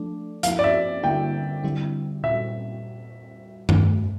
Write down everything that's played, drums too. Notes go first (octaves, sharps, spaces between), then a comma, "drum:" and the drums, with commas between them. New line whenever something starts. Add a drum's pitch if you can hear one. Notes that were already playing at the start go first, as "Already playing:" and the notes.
Already playing: F3 A3 D4
F3 A#3 E4 F5, drum: hi-hat
D5
E5
D3 G3 A#3 E4 G5
D3 G3 C4 E4
A#2 G3 E5
drum: tom